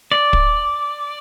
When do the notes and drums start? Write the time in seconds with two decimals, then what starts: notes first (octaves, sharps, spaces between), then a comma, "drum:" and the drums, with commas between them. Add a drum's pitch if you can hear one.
0.12 D5
0.33 drum: kick